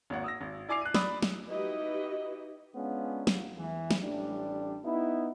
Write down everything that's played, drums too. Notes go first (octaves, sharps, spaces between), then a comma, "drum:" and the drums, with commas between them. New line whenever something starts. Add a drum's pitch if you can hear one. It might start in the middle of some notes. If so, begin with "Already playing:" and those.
G#1 A#3 C#5 F#5
D#6 E6 A#6
G#1
E4 D5 G#5 D6 C7 F7
F#6 D#7
D5 B5 D#6 E6, drum: snare
drum: snare
D#4 E4 F#4 G4 B4 D#5
G#3 B3 C#4 D4 F4
drum: snare
E2 E3
drum: snare
A1 G3 D4
B3 D#4 E4